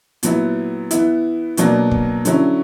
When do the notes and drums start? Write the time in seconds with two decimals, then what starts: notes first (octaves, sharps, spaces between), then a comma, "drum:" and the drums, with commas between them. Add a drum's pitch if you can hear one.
0.23 A#2 F#3 B3 E4, drum: hi-hat
0.91 E3 B3 E4, drum: hi-hat
1.57 B2 F#3 A#3 D4, drum: hi-hat
1.91 drum: kick
2.25 D3 F#3 C#4 E4, drum: hi-hat